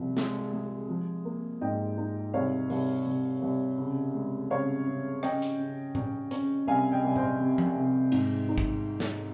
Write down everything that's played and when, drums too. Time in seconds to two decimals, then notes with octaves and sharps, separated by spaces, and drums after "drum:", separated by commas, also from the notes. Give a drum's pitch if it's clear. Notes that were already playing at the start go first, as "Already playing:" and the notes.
Already playing: C2 F3
0.17 G#3, drum: snare
0.53 G#3
0.89 F3
1.25 A#3
1.61 G#2 D#5 G5
1.97 D#4
2.34 C2 C#5 F5
2.70 C2, drum: open hi-hat
3.06 C2
3.42 C2
3.78 C#3
4.14 G#3
4.51 C#3 C#5 F5
4.87 C#3
5.23 C#4 D#5 G5, drum: rim click
5.42 drum: hi-hat
5.59 C#3
5.95 C#4, drum: tom A#2
6.31 C#4, drum: hi-hat
6.67 C2 F5 G#5
6.92 D#5 G5
7.04 C2
7.16 C5 D#5, drum: tom A#2
7.40 C3
7.58 drum: tom F3
7.76 C3
8.12 G#2, drum: cymbal
8.49 D#4
8.58 drum: kick
9.00 drum: snare